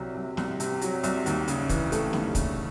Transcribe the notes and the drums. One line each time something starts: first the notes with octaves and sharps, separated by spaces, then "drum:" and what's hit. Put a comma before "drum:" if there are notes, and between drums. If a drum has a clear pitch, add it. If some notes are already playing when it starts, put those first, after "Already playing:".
Already playing: C2 C3 F#3
C2
C2, drum: snare
C3, drum: hi-hat
F#3, drum: hi-hat
C2, drum: hi-hat
D#2, drum: hi-hat
C#3, drum: hi-hat
E3, drum: kick, hi-hat
A3, drum: hi-hat
D#2, drum: snare
C#3, drum: kick, hi-hat